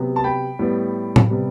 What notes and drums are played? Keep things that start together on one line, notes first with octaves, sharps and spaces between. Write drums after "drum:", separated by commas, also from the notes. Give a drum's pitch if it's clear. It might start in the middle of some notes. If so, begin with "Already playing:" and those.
Already playing: C3 F#3 B3
A5
G5 B5
A2 G3 B3
drum: tom A2
C3 G3 B3